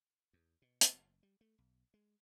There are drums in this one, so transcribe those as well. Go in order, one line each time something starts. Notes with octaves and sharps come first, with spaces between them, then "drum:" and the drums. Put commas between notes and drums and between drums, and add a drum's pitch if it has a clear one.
E2
B2
F#1, drum: hi-hat
G3
A3
B1
G#3